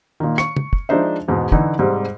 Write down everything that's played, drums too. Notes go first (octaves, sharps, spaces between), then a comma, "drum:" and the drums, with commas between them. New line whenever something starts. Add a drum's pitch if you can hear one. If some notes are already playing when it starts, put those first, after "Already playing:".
A#2 D#3
C#6 C#7, drum: rim click
drum: tom
drum: kick
F3 G#3 D4 D#4 C5 E5
E2 G#2 B2
D3 E3 D#4, drum: kick
G#2 C3 G3 C4